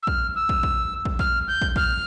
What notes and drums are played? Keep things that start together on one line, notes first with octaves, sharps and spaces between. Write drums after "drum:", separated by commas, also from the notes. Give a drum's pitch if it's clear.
E6
F6, drum: kick
E6
drum: kick
drum: kick
drum: kick
F6, drum: kick
G6
drum: kick
F6, drum: kick